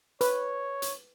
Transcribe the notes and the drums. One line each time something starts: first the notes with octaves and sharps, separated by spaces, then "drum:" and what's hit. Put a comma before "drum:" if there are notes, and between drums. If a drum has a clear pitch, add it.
B4 C#5, drum: hi-hat
drum: hi-hat